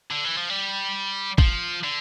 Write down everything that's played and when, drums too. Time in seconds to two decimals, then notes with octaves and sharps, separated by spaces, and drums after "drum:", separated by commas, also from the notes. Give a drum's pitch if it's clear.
0.11 D3
0.25 E3
0.37 F3
0.49 G3
1.38 F3, drum: kick
1.84 D3